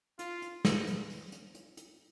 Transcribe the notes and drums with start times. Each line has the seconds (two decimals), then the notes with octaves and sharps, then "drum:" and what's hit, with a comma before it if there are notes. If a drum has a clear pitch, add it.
0.19 F4, drum: hi-hat
0.42 drum: hi-hat
0.65 drum: snare
0.87 drum: hi-hat
1.10 drum: open hi-hat
1.32 drum: hi-hat
1.55 drum: hi-hat
1.77 drum: hi-hat